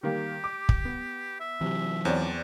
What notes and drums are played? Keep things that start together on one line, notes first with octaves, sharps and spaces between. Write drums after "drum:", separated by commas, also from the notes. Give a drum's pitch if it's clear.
D#3 G3 A#3 G4
D6
drum: kick
B3
E5
C3 E3 F#3
E2 C4 C#5 D5